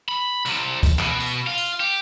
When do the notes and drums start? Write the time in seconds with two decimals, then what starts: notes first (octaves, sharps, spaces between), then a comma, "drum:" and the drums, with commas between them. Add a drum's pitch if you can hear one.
0.09 B5
0.46 C2 C3, drum: tambourine
0.83 drum: kick, tambourine
0.99 B2, drum: clap
1.20 drum: tambourine
1.47 F4
1.58 drum: tambourine
1.80 G4